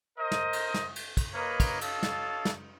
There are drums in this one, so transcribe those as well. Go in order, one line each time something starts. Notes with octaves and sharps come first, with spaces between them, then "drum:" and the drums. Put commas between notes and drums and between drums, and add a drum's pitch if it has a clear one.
A#4 C5 D#5
drum: snare
drum: cymbal
drum: snare
drum: cymbal
drum: kick, cymbal
A#3 A#4 B4 C#5 D#5
drum: kick, cymbal
A4 C#5 D#5 F5 A5, drum: cymbal
drum: snare
drum: snare